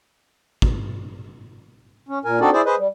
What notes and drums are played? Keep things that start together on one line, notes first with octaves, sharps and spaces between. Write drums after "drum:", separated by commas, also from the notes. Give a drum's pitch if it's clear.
drum: kick
C#4
A#2 A#4 G#5
C4 D4 D#4 F#4 A4 D5
E4 G#4 C5 D5
G#4 B4 C5 D#5
G3